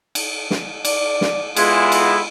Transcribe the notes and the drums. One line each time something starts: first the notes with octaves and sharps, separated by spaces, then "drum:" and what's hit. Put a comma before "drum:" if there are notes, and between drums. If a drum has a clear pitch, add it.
drum: cymbal
drum: snare
D5, drum: cymbal
drum: snare
G#3 B3 E4 F4, drum: cymbal
drum: cymbal